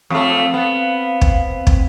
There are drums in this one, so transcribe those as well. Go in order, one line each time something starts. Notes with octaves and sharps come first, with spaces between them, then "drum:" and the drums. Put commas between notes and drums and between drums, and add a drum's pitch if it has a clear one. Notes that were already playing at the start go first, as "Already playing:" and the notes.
F2 A3 C4 F5
B3
drum: kick
drum: kick